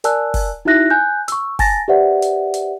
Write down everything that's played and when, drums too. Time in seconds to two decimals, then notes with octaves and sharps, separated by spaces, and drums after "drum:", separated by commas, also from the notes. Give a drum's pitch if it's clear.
0.04 A#4 D5 G#5 A5 E6 F#6, drum: hi-hat
0.34 drum: kick, open hi-hat
0.65 D#4 E4 F#4 E5 F#6 A#6
0.90 G#5 F#6 G6
1.28 C#6 E6, drum: hi-hat
1.59 G#5 A5 A6 A#6, drum: kick, open hi-hat
1.88 G4 B4 C5 D5 E5 F#5
2.22 drum: hi-hat
2.54 drum: hi-hat